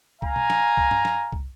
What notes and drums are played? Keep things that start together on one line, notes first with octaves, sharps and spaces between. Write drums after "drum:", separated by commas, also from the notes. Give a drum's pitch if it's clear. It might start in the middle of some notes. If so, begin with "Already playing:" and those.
F5 G#5 A#5, drum: kick C2
drum: tom B2
drum: snare
drum: kick C2
drum: tom G2
drum: snare
drum: kick C2